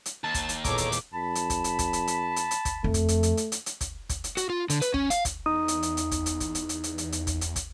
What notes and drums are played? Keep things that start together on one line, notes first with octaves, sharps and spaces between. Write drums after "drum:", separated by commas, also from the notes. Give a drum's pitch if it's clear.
drum: hi-hat
D#2 A5
drum: kick, hi-hat
drum: hi-hat
E2 A#2 A4 C#5 A#5 D6, drum: kick, hi-hat
drum: hi-hat
drum: hi-hat
F2 A5 B5
drum: hi-hat
drum: kick, hi-hat
drum: hi-hat
drum: kick, hi-hat
drum: hi-hat
drum: hi-hat
drum: hi-hat
drum: hi-hat
drum: kick, hi-hat
F2 A3
drum: kick, hi-hat
drum: hi-hat
drum: hi-hat
drum: hi-hat
drum: hi-hat
drum: hi-hat
drum: kick, hi-hat
drum: kick, hi-hat
drum: hi-hat
F#4, drum: hi-hat
F4
D3, drum: hi-hat
B4, drum: hi-hat
C#4, drum: kick
F5, drum: hi-hat
drum: kick, hi-hat
E2 D#4 D#6
drum: hi-hat
drum: hi-hat
drum: hi-hat
drum: kick, hi-hat
drum: hi-hat
drum: kick, hi-hat
drum: hi-hat
drum: hi-hat
drum: hi-hat
drum: hi-hat
drum: hi-hat
drum: kick, hi-hat
drum: hi-hat
drum: kick, hi-hat